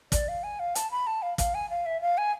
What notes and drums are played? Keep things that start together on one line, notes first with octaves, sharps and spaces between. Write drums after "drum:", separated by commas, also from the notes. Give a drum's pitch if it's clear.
D5, drum: kick, hi-hat
F5
G#5
F5
A5, drum: hi-hat
B5
A5
F5
F5, drum: kick, hi-hat
G#5
F5
E5
F5
G#5